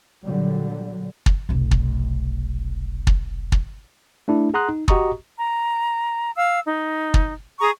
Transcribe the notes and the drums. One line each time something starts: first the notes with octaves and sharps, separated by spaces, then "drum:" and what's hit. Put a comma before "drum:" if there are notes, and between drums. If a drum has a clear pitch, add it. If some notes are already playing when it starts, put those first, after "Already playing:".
A#2 D3 F#3 G3
drum: kick
F1 B1
drum: kick
drum: kick
drum: kick
A3 D4 E4
G#4 F#5 A#5 C6 D#6 F#6
D#4
F#4 G4 D#5 A#5 C#6 D#6, drum: kick
A#5
F5 E6
D#4
drum: kick
G#4 A#5 C#6 D#6